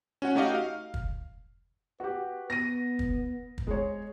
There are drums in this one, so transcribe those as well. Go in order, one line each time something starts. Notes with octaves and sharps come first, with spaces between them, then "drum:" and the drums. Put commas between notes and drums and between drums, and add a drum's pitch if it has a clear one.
C#4 F#4 F#5
A3 D#4 F#4 G4 D#5 F5
F5
drum: kick
F#4 G4 B4
B3 A#6 D#7
drum: kick
drum: kick
G#3 C#5